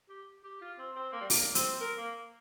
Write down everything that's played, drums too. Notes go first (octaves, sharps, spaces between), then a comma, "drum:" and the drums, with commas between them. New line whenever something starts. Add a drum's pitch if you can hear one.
G4
G4
F4
C4
C4
A#3
G3
A#3, drum: open hi-hat
C4, drum: hi-hat
A#4
A#3